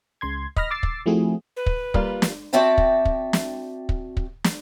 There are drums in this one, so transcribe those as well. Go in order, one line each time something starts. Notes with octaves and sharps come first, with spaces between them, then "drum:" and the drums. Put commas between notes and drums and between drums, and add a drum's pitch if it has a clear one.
C#2 C#3 C6 G#6
D#5 B5 F6 A#6, drum: kick
D6 E6 A6 C7
drum: kick
F3 A3 C4 E4 F#4 G#4
B4
drum: kick
G3 A#3 F4, drum: kick
drum: snare
C4 F#4 D5 E5 G5 A5
drum: kick
drum: kick
drum: snare
drum: kick
drum: kick
drum: snare